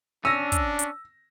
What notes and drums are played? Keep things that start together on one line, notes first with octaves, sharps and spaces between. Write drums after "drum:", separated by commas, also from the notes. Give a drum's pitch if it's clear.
C#4 D4 E6 A#6
drum: kick, hi-hat
drum: hi-hat